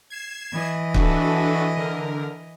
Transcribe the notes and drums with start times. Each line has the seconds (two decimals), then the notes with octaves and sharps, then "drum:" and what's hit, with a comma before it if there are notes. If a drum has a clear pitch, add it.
0.10 G#6 C7 E7
0.52 E3 D#5
0.94 D4 F#4 A4, drum: kick
1.77 D3 A#4